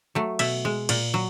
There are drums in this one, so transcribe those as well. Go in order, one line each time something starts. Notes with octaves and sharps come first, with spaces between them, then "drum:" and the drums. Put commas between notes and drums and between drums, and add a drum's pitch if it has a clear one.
F#3 A3
B2 E5, drum: cymbal
G#3
A#2, drum: cymbal
F#3